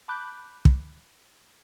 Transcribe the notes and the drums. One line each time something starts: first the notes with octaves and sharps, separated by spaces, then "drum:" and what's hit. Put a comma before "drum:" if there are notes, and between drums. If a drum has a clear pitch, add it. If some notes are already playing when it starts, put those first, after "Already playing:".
A5 B5 D6 F#6 G6
drum: kick